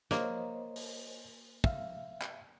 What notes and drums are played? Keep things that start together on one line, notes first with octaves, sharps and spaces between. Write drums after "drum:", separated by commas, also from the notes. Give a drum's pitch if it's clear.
A#3 C5 C#5 D#5, drum: snare
drum: open hi-hat
E5 F5, drum: kick
drum: clap